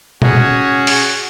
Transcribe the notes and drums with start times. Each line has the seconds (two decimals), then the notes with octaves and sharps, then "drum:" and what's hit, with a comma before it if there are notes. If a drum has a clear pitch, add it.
0.22 C#4 F#4 G#4, drum: tom B2
0.87 drum: open hi-hat